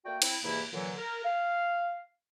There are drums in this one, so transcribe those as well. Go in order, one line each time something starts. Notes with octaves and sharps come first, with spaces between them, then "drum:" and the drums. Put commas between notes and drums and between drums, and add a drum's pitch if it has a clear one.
A3 A#3 F#4 D5 G5
C4 E4, drum: cymbal
E2 G#2 C3 E3 A#3 E4
A#2 D3 E3 F#3
A#4
F5